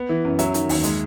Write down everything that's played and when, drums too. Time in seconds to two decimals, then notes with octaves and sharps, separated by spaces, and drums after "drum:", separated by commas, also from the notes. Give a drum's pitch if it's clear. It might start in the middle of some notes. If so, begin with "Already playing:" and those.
Already playing: B3
0.09 E3
0.25 F#2
0.39 F#3 E5, drum: hi-hat
0.54 D#3, drum: hi-hat
0.69 D#2, drum: open hi-hat
0.83 G#3, drum: hi-hat